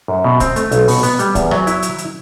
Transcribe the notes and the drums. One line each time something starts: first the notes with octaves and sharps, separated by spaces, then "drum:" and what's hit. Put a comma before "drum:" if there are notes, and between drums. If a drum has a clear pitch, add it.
F#2
B2
C4, drum: kick, hi-hat
A3, drum: hi-hat
B1, drum: hi-hat
B2, drum: open hi-hat
B3, drum: hi-hat
G3, drum: hi-hat
E2, drum: kick, hi-hat
F#3, drum: rim click
E4, drum: hi-hat
drum: hi-hat
drum: hi-hat